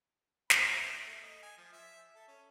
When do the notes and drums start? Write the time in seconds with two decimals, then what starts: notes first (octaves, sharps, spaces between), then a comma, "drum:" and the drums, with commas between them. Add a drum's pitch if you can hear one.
0.50 B5, drum: snare
0.75 E5
1.05 A3
1.23 D#5
1.43 G#5
1.57 F3
1.73 E5
2.15 A4
2.28 C#4